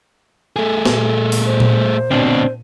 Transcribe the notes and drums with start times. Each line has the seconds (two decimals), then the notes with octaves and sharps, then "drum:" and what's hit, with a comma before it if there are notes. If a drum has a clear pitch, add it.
0.56 A3 G#4 A4
0.86 A#2, drum: snare
1.32 drum: open hi-hat
1.46 C5
1.60 drum: tom A#2
2.11 D2 B2 C4 D4